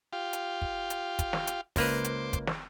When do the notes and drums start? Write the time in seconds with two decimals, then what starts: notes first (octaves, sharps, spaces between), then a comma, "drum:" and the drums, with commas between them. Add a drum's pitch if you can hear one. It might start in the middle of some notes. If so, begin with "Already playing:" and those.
0.13 F4 G4
0.33 drum: hi-hat
0.62 drum: kick
0.90 drum: hi-hat
1.19 drum: kick, hi-hat
1.33 drum: snare
1.47 drum: hi-hat
1.76 C#2 A#3 B4 C5 D6, drum: kick, open hi-hat
2.04 drum: hi-hat
2.33 drum: kick, hi-hat
2.47 drum: snare